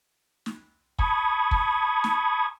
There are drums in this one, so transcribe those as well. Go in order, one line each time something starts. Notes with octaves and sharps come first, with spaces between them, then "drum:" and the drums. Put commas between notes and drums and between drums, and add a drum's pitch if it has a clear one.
drum: snare
A5 B5 C#6 D#6 G#6, drum: kick
drum: kick
drum: snare